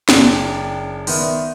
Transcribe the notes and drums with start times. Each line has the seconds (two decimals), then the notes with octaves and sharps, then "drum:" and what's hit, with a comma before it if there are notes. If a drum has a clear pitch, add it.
0.09 F#1 D4 G5 A#5, drum: snare
1.07 D#3 B3 D5 E5 C6, drum: open hi-hat